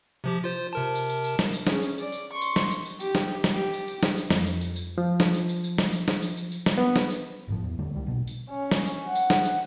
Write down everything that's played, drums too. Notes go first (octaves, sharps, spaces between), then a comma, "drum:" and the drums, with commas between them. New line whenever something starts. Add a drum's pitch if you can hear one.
C3 F3 G4
F4 C5
C3 A#4 A5
drum: tambourine
drum: tambourine
drum: tambourine
drum: snare
drum: tambourine
C#4 G#4, drum: snare
drum: tambourine
D5, drum: tambourine
drum: tambourine
C6 C#6
drum: tambourine
drum: snare
drum: tambourine
drum: tambourine
G4, drum: tambourine
drum: snare
drum: snare
G4
drum: tambourine
drum: tambourine
drum: snare
drum: tambourine
F2, drum: snare
drum: tambourine
drum: tambourine
drum: tambourine
F3
drum: snare
drum: tambourine
drum: tambourine
drum: tambourine
drum: snare
drum: tambourine
drum: snare
drum: tambourine
drum: tambourine
drum: tambourine
drum: snare
B3
drum: snare
drum: tambourine
G1 A2 F3
E2
D3 G3 A3
C#2 G3
A#1 B2
drum: tambourine
C#4
drum: snare
drum: tambourine
F#5
drum: tambourine
drum: snare
drum: tambourine